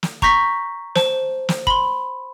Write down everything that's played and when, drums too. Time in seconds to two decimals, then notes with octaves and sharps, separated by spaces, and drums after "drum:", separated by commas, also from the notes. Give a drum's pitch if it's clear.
0.03 drum: snare
0.22 A#5 C#6 G6 A#6 B6, drum: kick
0.96 C5 A5, drum: snare
1.49 drum: snare
1.67 B5 C6, drum: kick